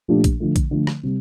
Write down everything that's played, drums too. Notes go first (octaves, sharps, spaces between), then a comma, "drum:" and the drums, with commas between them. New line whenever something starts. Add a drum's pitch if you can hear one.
A#2 F3 A3 D4 G4
drum: kick A#1, hi-hat
D3 F3 A3
drum: kick A#1, hi-hat
D3 F3 A3
drum: rim click
C3 G3